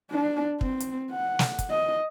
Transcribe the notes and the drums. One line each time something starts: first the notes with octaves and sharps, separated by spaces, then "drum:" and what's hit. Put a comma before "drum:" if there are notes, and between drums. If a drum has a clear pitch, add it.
D4
C4, drum: kick
drum: hi-hat
F#5
drum: snare
drum: kick, hi-hat
D#5